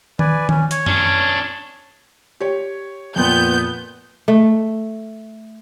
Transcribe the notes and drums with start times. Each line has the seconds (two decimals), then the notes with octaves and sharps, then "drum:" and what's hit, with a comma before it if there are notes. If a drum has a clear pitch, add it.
0.19 B4 D5 G#5, drum: tom D#3
0.49 C#4, drum: tom D#3
0.71 C#5, drum: hi-hat
0.86 C#4 D4, drum: tom F#2
2.40 G4 C#5
3.16 F2 A#2 B3 G6
4.28 A3